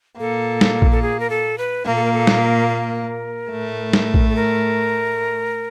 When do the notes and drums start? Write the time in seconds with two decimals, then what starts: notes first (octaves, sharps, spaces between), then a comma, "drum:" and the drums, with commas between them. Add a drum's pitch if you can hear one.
0.19 A#2 A#3 A4
0.61 drum: snare
0.82 drum: kick A#1
0.91 A4
1.02 G#4
1.20 A#4
1.30 A4
1.58 B4
1.86 A#2 A#3 A#4
1.95 A4
2.03 A#4
2.13 A4
2.27 drum: snare
2.42 A#4
2.69 A#4
3.52 A2 A3
3.93 drum: snare
4.14 drum: kick A#1
4.28 A4
4.36 A#4